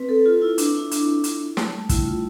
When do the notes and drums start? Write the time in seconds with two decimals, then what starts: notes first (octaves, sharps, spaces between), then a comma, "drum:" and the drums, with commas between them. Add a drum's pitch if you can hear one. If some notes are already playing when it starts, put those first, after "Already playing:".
Already playing: C4 B4
0.09 A4
0.26 F4
0.42 E4
0.58 D4, drum: hi-hat
0.75 E4
0.91 D4, drum: hi-hat
1.24 drum: hi-hat
1.57 A3, drum: snare
1.73 G3
1.89 E4, drum: kick, hi-hat
2.06 F4